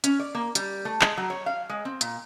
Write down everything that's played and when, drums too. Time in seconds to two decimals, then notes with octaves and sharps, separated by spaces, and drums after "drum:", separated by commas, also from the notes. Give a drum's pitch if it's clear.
0.04 C#4, drum: hi-hat
0.20 D5
0.35 A#3
0.55 G3, drum: hi-hat
0.85 A3
1.01 G#3, drum: clap
1.17 F#3
1.30 C#5
1.46 F5
1.69 G#3
1.85 C4
2.01 A#2, drum: hi-hat